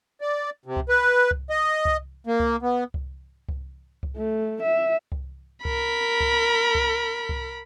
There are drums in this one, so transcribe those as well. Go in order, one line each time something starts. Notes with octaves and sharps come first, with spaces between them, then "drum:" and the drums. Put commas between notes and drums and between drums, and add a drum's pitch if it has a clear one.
D5
C3
drum: kick C2
B4
drum: kick C2
D#5
drum: kick C2
A#3
drum: kick C2
B3
drum: kick C2
drum: kick C2
drum: kick C2
A3
E5
drum: kick C2
A#4 B5, drum: kick C2
drum: kick C2
drum: kick C2
drum: kick C2